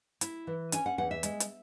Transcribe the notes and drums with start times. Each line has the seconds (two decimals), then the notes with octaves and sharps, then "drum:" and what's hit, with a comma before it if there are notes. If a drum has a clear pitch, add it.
0.21 E4, drum: hi-hat
0.47 E3
0.72 C#4 G#5, drum: hi-hat
0.86 F#5
0.98 E2 F#5
1.11 E5
1.23 G#3, drum: hi-hat
1.40 drum: hi-hat